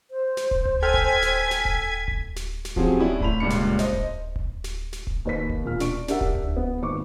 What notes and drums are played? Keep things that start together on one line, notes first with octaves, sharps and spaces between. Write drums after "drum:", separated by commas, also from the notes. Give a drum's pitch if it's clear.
C5
drum: snare
drum: kick D1
drum: tom C#2
A4 G5 G#5 F6 G#6 B6
drum: kick D1
drum: snare
drum: snare
drum: kick D1
drum: kick D1
drum: snare
drum: snare
F3 F#3 C4 C#4 G4 G#4, drum: kick D1
C#4 D4 E4
A1 B5 F7, drum: kick D1
C#2 G2 A#2 C#7
drum: snare
C5 D#5, drum: snare
drum: kick D1
drum: kick D1
drum: snare
drum: snare
drum: kick D1
D#2 B4 B6
drum: kick D1
E1 A#2 F6
D4 C#6 D7, drum: snare
D4 G4 A#4 E5 F#5, drum: snare
drum: kick D1
drum: tom C#2
B3
G#1 D#2 B4 C#6 D6